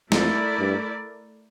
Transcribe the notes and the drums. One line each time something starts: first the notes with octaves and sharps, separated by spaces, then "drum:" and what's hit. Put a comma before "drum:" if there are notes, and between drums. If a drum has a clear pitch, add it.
F2 A3 E4 A#4 D5, drum: snare
G2